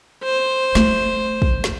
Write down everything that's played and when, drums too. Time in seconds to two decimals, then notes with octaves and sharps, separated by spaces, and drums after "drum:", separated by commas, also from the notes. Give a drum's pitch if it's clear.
0.23 C5
0.75 A3, drum: snare
1.42 drum: kick
1.64 drum: snare